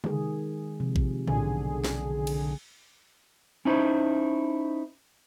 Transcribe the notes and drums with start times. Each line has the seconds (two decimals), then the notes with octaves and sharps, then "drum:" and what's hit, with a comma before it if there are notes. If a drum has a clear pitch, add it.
0.04 D#3 G#3 G#4, drum: tom
0.80 C3 F3
0.96 drum: kick A1
1.28 B1 D3 G#4, drum: tom
1.84 drum: snare
2.27 drum: cymbal
3.65 C#4 D#4 E4 C5